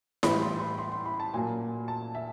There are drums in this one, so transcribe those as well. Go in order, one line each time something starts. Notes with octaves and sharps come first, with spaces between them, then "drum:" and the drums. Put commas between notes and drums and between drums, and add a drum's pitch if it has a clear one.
A2 E3 G3 B5, drum: snare E4
C6
B5
C6
C6
B5
A5
A#2 F#3 A#3 G#5
A5
E5